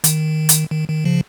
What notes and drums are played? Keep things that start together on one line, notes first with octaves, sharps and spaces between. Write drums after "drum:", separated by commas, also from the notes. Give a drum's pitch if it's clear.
D#3, drum: hi-hat
drum: hi-hat
D#3
D#3
C#3 F3